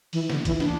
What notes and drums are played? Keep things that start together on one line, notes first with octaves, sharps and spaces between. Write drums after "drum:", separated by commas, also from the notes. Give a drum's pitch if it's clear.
E3, drum: open hi-hat
D3, drum: snare
E3, drum: kick, hi-hat
D4, drum: snare